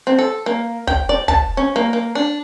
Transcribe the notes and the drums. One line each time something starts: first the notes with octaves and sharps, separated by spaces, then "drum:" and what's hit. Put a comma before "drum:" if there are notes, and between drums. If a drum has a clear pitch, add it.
C4
A4
A#3
G5, drum: kick
D5
A5, drum: kick
C#4
A#3
A#3
D4